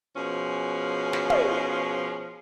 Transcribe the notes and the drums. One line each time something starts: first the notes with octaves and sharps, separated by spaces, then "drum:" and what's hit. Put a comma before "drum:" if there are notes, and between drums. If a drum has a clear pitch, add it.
B2 F3 C#4 G#4
drum: snare
drum: tom